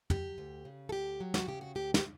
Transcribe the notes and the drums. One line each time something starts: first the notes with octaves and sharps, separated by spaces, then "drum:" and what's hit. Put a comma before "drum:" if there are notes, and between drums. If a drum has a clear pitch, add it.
F#3 G4, drum: tom
D2
C#3
A4
D2 G4
F#3
F#4, drum: snare
C#3 G4
F#4
D2 G4
G4, drum: snare